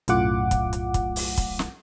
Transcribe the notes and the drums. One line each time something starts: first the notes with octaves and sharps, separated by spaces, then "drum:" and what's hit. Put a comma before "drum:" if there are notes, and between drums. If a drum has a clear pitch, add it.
B1 F#2 A2 F4 F#5 D6, drum: hi-hat
drum: kick, hi-hat
drum: hi-hat
drum: kick, hi-hat
drum: open hi-hat
drum: kick, hi-hat
drum: snare